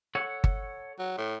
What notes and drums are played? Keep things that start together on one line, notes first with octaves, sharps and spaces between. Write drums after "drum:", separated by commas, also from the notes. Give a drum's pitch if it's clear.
A4 C#5 F#5
drum: kick G1
F#3
A2